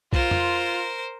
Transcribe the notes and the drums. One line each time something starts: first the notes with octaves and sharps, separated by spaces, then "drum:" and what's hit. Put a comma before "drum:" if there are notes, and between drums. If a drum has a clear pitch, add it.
F4 A#4 C5, drum: kick B1
drum: tom F2